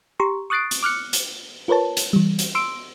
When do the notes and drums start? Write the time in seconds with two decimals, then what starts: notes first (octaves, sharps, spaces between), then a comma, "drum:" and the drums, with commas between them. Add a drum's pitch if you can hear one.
0.20 G4 A#5 C6 C#6
0.50 C#6 D#6 F#6 A6 C7 D7
0.71 drum: hi-hat
0.83 D6 F6 F#6 C#7
1.13 drum: hi-hat
1.68 F4 A#4 B4 C#5 A5
1.97 drum: hi-hat
2.13 E3 G3
2.39 drum: hi-hat
2.55 C6 E6 D7